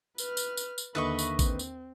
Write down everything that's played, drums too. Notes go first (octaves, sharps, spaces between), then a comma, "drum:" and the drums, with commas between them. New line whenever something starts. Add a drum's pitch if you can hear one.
B4 F6, drum: tambourine
drum: tambourine
drum: tambourine
drum: tambourine
D#2 D3 B4 D#5 E5 B5 C#6
drum: tambourine
C4, drum: kick A1, tambourine
drum: tambourine